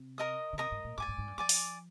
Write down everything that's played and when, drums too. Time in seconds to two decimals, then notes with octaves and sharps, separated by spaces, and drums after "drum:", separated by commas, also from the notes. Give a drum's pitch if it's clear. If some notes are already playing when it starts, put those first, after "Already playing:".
Already playing: C3
0.18 A#4 D#5 A#5 D#6
0.53 D3
0.58 C3 A#4 D#5 A#5 D#6
0.72 G#2
0.85 A#2
0.98 G#2 D5 G#5 D6
1.08 G#2
1.18 G#2
1.28 G2
1.38 F3 D5 G#5 D6
1.49 drum: open hi-hat